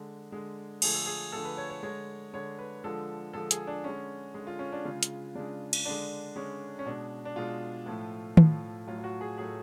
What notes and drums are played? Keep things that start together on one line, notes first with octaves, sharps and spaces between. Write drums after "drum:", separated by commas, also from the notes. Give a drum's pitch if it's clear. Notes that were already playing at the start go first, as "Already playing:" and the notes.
Already playing: D3 G#3
D3 G#3
D3 F3 A3 G#4, drum: cymbal
A4
G#4
D3 F3 A3 A4
B4
C#5
C#5
D3 G#3 C#5
D3 G#3 C#5
B4
D3 F3 G#3 A4
D3 F3 G#3 A4
G#4, drum: hi-hat
D4
D3 G#3 C#4
D3 G#3
F4
C#4
D4
C#3 G#3 F4
drum: hi-hat
C#3 G#3 D4
drum: cymbal
D3 G#3 D4
D3 G#3 C#4
C#4
B2 G#3 D4
D4
B2 G#3 F4
A2 F3 A3
A2 F3 A3, drum: tom
A2 F#3 A3 F4
F4
F#4
G#4
A2 F#3 A3 G#4